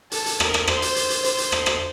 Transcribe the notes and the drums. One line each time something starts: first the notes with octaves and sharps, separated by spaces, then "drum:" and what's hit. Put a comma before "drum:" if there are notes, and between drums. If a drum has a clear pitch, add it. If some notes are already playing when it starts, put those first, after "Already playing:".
A4, drum: hi-hat
drum: hi-hat
A#4, drum: rim click
drum: rim click
C5, drum: rim click
drum: hi-hat
drum: hi-hat
drum: hi-hat
C5, drum: hi-hat
drum: hi-hat
drum: rim click
drum: rim click